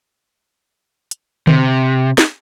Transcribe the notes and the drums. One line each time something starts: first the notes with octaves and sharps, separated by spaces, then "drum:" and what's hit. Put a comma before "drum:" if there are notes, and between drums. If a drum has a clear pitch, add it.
drum: hi-hat
C3, drum: tom D3
drum: snare